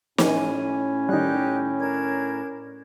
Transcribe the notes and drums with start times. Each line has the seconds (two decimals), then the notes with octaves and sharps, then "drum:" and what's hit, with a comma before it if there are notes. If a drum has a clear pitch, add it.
0.18 A2 C#4 D4 G#5, drum: snare
1.09 D#3 G3 D#4 G4 F#6
1.79 D4 A#4 G#6